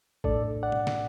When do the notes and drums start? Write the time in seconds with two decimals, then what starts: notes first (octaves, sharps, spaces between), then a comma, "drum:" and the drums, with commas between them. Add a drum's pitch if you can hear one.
0.24 A2 A3 D4 A4 D5, drum: kick A1
0.63 D5 F#5
0.72 drum: tom B2
0.87 drum: snare